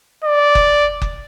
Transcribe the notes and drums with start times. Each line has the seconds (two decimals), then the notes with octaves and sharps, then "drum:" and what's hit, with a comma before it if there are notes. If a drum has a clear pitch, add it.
0.24 D5
0.55 drum: kick F#1
1.02 drum: kick F#1